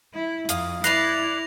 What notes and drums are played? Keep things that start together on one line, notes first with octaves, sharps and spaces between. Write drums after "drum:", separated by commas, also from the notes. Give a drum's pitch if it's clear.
E4
F2 F5 D#6, drum: hi-hat
E4 B4 D5 F#6 A#6 C7 F7, drum: hi-hat